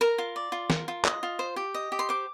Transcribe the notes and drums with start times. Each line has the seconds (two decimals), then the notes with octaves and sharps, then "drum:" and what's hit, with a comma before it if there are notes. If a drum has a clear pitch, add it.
0.01 A#4 A#5
0.18 F4
0.36 D5
0.52 F4
0.70 A#4, drum: snare
0.88 F4
1.05 D#5, drum: clap
1.23 F4
1.39 C5
1.56 G4
1.74 D#5
1.92 G4
1.99 C6
2.09 C5 D6